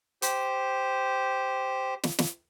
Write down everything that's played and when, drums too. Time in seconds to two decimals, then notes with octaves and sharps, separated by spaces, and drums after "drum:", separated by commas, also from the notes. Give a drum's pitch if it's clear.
0.22 G4 C5, drum: hi-hat
2.03 drum: snare
2.19 drum: snare